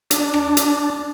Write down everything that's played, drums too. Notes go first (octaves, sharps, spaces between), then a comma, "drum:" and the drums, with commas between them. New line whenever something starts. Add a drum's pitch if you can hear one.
D4, drum: hi-hat
drum: rim click
drum: hi-hat